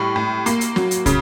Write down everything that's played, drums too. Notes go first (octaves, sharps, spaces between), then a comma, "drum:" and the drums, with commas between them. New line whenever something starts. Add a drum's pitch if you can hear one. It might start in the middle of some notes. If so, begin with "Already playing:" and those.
Already playing: A2 G3
A2
A#3, drum: hi-hat
drum: hi-hat
F#3, drum: snare
drum: hi-hat
C#3, drum: kick, hi-hat